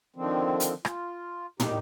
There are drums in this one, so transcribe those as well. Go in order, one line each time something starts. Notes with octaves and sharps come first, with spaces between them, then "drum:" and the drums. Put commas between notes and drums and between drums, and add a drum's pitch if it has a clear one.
D3 D#3 F3 C4
drum: hi-hat
F4, drum: rim click
E2 D#3 D#4 G4, drum: tom